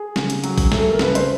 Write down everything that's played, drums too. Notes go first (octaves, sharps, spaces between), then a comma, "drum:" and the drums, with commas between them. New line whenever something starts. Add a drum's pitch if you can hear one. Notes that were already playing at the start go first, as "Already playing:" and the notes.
Already playing: G#4
C#3, drum: snare
drum: hi-hat
F#3, drum: hi-hat
drum: kick A1, open hi-hat
A3, drum: snare
A4
A#4
C#3 B4, drum: snare
C5, drum: hi-hat